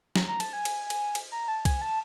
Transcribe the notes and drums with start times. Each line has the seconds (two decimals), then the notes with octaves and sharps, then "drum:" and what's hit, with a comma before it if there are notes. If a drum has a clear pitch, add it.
0.16 A#5, drum: snare
0.28 A#5
0.40 A5, drum: cymbal
0.53 G#5
0.65 drum: cymbal
0.90 drum: cymbal
1.15 drum: cymbal
1.32 A#5
1.48 A5
1.65 G#5, drum: kick C2, cymbal
1.82 A5